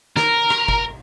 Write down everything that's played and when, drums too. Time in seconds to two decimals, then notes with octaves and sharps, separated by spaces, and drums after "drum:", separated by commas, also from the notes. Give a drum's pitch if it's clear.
0.16 A#4, drum: snare
0.50 drum: rim click
0.68 drum: kick F#1